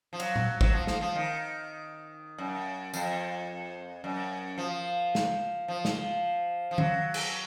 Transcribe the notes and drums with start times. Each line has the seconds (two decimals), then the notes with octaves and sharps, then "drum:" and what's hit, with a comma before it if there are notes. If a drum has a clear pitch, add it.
0.13 F3
0.20 F#3, drum: cymbal
0.36 drum: tom A#2
0.61 F#3, drum: kick
0.73 F3
0.87 F3, drum: snare
1.01 F3
1.15 D#3
2.38 F#2
2.94 F2, drum: tambourine
4.04 F#2
4.58 F3
5.15 drum: snare
5.68 F3
5.85 drum: snare
6.71 F3
6.78 F#3, drum: tom
7.14 drum: cymbal